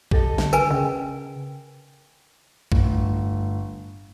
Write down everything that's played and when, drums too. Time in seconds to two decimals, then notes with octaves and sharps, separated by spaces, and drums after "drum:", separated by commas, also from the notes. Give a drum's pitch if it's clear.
0.11 G4 A4 D#5, drum: kick
0.38 D3, drum: snare
0.53 A#4 B4 G#5, drum: tambourine
0.70 C#3 G#4 G5
2.72 G1 A2, drum: kick